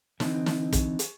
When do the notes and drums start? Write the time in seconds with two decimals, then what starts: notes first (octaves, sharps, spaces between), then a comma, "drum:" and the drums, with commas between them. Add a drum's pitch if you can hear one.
0.20 D3 E3 C4 D#4, drum: snare
0.46 drum: snare
0.73 drum: kick, hi-hat
0.99 drum: hi-hat